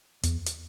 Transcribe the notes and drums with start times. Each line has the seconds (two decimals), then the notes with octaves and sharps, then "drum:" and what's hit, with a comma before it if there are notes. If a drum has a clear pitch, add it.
0.23 E2, drum: hi-hat
0.46 drum: hi-hat